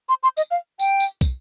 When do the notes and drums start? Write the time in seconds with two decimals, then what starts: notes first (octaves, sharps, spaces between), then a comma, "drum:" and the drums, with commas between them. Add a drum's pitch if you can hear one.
0.09 C6
0.23 C6
0.37 D#5, drum: tambourine
0.51 F5
0.79 G5, drum: tambourine
1.00 drum: tambourine
1.21 drum: kick, tambourine